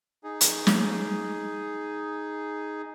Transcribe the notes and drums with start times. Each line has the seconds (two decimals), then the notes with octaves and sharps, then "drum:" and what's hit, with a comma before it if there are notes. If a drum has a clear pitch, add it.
0.24 D#4 G#4
0.41 drum: hi-hat
0.67 drum: snare